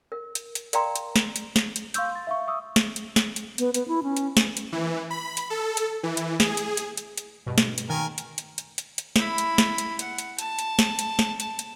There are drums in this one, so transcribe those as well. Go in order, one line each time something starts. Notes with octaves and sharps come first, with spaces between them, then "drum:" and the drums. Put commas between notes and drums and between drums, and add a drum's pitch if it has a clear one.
A#4
drum: hi-hat
drum: hi-hat
A#4 D5 F5 G5 A#5 C6, drum: hi-hat
drum: hi-hat
drum: snare
drum: hi-hat
drum: snare
drum: hi-hat
F5 C6 C#6 E6 G6, drum: hi-hat
C6 A6
E5 F5 C#6
E5 C#6 D#6 E6
drum: snare
drum: hi-hat
drum: snare
drum: hi-hat
B3, drum: hi-hat
B3, drum: hi-hat
E4
C#4
drum: hi-hat
drum: snare
drum: hi-hat
E3
B5
drum: hi-hat
A4
drum: hi-hat
E3
drum: hi-hat
G#4, drum: snare
drum: hi-hat
drum: hi-hat
drum: hi-hat
drum: hi-hat
G2 B2
drum: snare
drum: hi-hat
D#3 A#4 G#5
drum: hi-hat
drum: hi-hat
drum: hi-hat
drum: hi-hat
drum: hi-hat
E4 B5, drum: snare
drum: hi-hat
drum: snare
drum: hi-hat
F#5, drum: hi-hat
drum: hi-hat
A5, drum: hi-hat
drum: hi-hat
drum: snare
drum: hi-hat
drum: snare
A5, drum: hi-hat
drum: hi-hat